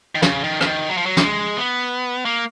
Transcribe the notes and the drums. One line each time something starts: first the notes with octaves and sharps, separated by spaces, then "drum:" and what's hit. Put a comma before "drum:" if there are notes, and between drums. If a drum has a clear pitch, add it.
D#3
C#3, drum: snare
D#3
C#3, drum: rim click
D#3
F#3
F3
F#3
A#3, drum: snare
G#3
B3
A#3